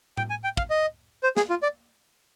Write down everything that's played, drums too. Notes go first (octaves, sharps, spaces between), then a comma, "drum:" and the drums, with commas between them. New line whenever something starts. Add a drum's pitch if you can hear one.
G5, drum: tom A2
G#5
G5
F5, drum: kick
D#5
C5
G#4, drum: snare
F4
D5